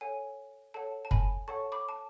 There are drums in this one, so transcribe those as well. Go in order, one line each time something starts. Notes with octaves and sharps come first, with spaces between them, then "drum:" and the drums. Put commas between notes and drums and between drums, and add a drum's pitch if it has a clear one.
A4 C#5 F#5 G#5
A4 C#5 F#5 A5
A5
G#5 B5, drum: kick
A4 C#5 F#5 A5 C#6
B5 D6
A5